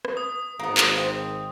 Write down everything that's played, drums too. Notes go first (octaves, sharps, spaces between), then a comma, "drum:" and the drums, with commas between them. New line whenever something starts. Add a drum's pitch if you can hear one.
drum: rim click
D#6
G#1 A#3 B3
drum: clap
C4